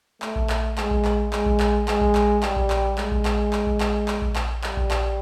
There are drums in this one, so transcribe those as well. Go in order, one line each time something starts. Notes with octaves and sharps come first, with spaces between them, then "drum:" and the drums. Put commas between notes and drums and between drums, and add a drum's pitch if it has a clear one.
A3, drum: clap
drum: kick A#1
drum: clap
G#3, drum: clap
drum: kick A#1
drum: clap
G#3, drum: clap
drum: kick A#1
drum: clap
G#3, drum: clap
drum: kick A#1
drum: clap
G3, drum: clap
drum: kick A#1
drum: clap
G#3, drum: clap
drum: kick A#1
drum: clap
drum: clap
drum: kick A#1
drum: clap
drum: clap
drum: kick A#1
drum: clap
G3, drum: clap
drum: kick A#1
drum: clap